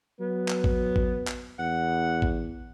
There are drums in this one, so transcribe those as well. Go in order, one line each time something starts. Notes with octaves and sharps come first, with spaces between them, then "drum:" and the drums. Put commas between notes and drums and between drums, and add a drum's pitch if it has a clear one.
F#3 B3
drum: clap
drum: kick A1
drum: kick A1
drum: clap
E2 F#5
drum: kick A1